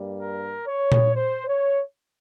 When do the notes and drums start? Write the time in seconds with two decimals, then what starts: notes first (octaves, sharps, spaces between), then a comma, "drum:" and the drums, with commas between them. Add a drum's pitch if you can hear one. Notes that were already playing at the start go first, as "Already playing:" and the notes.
Already playing: G2 G3 A#3
0.21 A#4
0.67 C#5
0.92 drum: tom A#2
1.16 C5
1.48 C#5